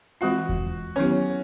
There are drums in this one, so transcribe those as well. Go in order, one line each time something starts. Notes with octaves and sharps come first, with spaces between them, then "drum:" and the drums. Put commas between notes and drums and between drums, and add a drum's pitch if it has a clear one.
E3 G#3 C4 F4 F#4
drum: kick E2
D#3 F#3 B3 C#4 E4 G4